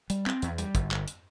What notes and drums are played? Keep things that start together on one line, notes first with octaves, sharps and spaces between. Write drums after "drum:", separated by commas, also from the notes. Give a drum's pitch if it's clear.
G3, drum: hi-hat
C4, drum: clap
E2, drum: hi-hat
G3, drum: hi-hat
G1, drum: kick, hi-hat
G1, drum: clap
drum: hi-hat